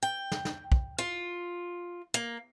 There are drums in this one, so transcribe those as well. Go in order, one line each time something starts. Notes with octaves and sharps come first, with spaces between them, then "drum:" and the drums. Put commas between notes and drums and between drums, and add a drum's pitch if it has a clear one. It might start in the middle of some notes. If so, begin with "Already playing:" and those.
G5
drum: snare
drum: snare
drum: kick
F4
A#3